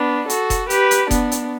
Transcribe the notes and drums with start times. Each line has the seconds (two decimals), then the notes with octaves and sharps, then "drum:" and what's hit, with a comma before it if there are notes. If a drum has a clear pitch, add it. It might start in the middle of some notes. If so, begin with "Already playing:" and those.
Already playing: B3 D4
0.30 F#4 A4, drum: hi-hat
0.50 drum: kick F1, hi-hat
0.70 G4 B4, drum: hi-hat
0.91 drum: hi-hat
1.11 B3 D4, drum: kick F1, hi-hat
1.32 drum: hi-hat